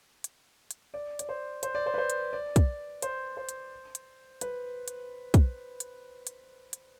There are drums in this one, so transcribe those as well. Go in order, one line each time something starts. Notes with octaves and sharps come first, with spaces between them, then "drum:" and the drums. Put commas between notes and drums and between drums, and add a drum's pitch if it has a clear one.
drum: hi-hat
drum: hi-hat
D5
D5, drum: hi-hat
C5
C5, drum: hi-hat
D5
C5
B4
C5
drum: hi-hat
D5
drum: kick, hi-hat
C5, drum: hi-hat
C5
drum: hi-hat
drum: hi-hat
B4, drum: hi-hat
drum: hi-hat
drum: kick, hi-hat
drum: hi-hat
drum: hi-hat
drum: hi-hat